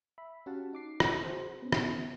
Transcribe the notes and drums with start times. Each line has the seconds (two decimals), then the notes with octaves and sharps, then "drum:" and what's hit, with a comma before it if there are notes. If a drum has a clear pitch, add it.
0.18 E5 B5
0.46 C#4 F#4 G4 F5 F#5 A5
0.73 D#4 D6 C7
1.00 drum: rim click
1.24 F#4 G#4 C5
1.62 B3 C#4
1.72 drum: rim click